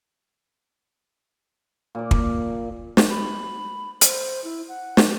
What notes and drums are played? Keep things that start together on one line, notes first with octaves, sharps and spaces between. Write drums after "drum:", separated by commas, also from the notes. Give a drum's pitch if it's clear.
A#2 D5
drum: kick
drum: snare
B5
C5, drum: hi-hat
E4
F#5
drum: snare